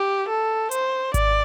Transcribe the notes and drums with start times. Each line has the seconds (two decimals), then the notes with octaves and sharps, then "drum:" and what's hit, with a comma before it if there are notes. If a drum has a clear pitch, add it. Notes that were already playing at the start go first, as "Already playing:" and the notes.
Already playing: G4
0.28 A4
0.71 C5, drum: hi-hat
1.14 D5, drum: kick G#1, hi-hat